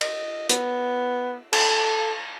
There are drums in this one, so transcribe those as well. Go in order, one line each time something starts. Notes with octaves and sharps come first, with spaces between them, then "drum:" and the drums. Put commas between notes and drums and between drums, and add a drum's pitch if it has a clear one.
D#5, drum: cymbal
B3, drum: hi-hat
A4, drum: cymbal